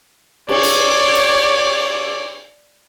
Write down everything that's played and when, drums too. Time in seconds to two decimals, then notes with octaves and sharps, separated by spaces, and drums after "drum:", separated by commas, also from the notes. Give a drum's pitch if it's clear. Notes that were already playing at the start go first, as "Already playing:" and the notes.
0.48 C#5 D5, drum: cymbal
0.63 drum: hi-hat
1.15 drum: cymbal